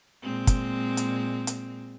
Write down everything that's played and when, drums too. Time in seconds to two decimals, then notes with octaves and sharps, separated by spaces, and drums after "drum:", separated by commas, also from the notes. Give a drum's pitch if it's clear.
0.22 A#2 G#3 C4
0.47 drum: kick, hi-hat
0.97 drum: hi-hat
1.47 drum: hi-hat